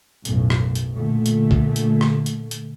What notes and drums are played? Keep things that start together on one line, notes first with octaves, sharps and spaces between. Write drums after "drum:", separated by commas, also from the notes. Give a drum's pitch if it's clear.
B1 F#2 A2, drum: hi-hat
drum: rim click
drum: hi-hat
A#2 D3 A3
drum: hi-hat
drum: kick
drum: hi-hat
drum: rim click
drum: hi-hat
drum: hi-hat